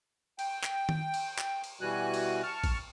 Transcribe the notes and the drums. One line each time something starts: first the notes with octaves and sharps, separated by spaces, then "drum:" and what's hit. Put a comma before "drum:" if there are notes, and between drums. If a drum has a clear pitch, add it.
G5, drum: cymbal
drum: clap
drum: tom D#3
drum: cymbal
drum: clap
drum: cymbal
B2 E3 G3 F#4 G#5 F#6
drum: cymbal
A5 C#6 F6
drum: kick A1, cymbal